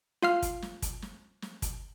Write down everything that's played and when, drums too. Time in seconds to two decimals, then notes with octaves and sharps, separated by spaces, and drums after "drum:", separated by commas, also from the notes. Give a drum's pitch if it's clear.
0.22 F4 F5 F6, drum: snare
0.42 drum: kick, hi-hat
0.62 drum: snare
0.82 drum: kick, hi-hat
1.02 drum: snare
1.42 drum: snare
1.62 drum: kick, hi-hat